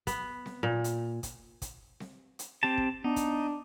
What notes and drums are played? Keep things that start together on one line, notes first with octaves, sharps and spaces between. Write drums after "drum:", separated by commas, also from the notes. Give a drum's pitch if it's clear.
B3, drum: kick, hi-hat
drum: snare C4
A#2
drum: hi-hat
drum: kick, hi-hat
drum: kick, hi-hat
drum: snare C4
drum: hi-hat
C4 G4 A5
drum: kick
B3 D4 D#4
drum: kick, hi-hat